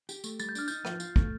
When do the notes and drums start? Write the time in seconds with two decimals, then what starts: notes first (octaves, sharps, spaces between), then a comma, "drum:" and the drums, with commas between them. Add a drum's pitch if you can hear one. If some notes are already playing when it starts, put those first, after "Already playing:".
0.09 G4, drum: tambourine
0.24 A3, drum: tambourine
0.39 G3 A6, drum: tambourine
0.49 G6
0.55 D4 F6, drum: tambourine
0.68 D#4 G6, drum: tambourine
0.85 F3, drum: rim click
1.00 F4, drum: tambourine
1.16 A3, drum: kick